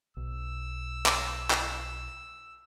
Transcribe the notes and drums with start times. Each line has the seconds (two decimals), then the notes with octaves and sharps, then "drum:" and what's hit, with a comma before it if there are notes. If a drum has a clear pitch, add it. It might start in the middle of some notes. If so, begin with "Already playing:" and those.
0.17 B1 E6
1.06 drum: clap
1.50 drum: clap